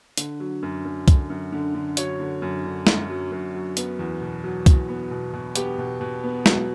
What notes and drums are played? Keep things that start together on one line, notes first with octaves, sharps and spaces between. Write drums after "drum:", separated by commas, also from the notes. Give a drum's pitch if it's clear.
D3, drum: hi-hat
F#3
F#2
F#2
D3, drum: kick, hi-hat
F#2
D3
D3
F#3 C#5, drum: hi-hat
D3
F#2
D3
F#2, drum: snare
F#3
F#2
F#3
B3, drum: hi-hat
E2
B2
F#3
E2, drum: kick, hi-hat
B3
B2
B2
B3 G4, drum: hi-hat
B2
B2
B3
F#3, drum: snare